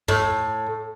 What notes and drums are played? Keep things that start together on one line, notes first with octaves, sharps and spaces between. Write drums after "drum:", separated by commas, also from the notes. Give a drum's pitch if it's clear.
A2, drum: tom